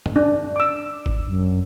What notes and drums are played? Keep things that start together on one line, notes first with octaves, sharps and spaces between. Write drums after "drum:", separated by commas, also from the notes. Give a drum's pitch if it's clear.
drum: tom
D4
D6 E6
drum: kick
F#2